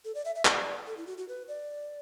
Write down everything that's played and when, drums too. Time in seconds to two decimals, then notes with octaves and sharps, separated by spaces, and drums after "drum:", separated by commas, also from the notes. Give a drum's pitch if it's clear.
0.05 A4
0.15 D5
0.25 E5
0.35 E5
0.45 D5, drum: clap
0.87 A4
0.97 E4
1.07 F#4
1.18 F#4
1.28 B4
1.48 D5